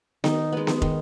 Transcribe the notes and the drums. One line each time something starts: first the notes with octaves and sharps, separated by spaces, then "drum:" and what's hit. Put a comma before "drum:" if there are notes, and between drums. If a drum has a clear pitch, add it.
D#3 D#4, drum: snare B3
G#3 B3
drum: snare B3
D#3, drum: kick